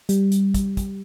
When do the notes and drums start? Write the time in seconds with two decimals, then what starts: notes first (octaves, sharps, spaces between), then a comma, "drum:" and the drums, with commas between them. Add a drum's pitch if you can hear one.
0.09 G3, drum: hi-hat
0.32 drum: hi-hat
0.54 drum: kick, hi-hat
0.77 drum: kick, hi-hat